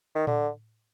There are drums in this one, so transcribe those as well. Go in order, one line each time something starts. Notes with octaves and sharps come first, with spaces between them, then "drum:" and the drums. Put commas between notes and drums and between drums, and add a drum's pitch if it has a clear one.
D#3
D3, drum: tom A2